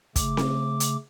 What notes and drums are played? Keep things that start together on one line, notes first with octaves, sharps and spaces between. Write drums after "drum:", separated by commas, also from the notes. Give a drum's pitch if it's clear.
C#3 A3 D6, drum: kick, hi-hat
drum: snare C4
drum: hi-hat